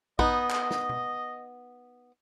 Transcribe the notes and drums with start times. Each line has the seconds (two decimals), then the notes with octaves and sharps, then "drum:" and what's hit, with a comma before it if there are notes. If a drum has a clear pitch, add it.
0.19 B3 D#4 D#5, drum: kick A1
0.50 drum: clap
0.71 drum: snare
0.89 drum: tom B2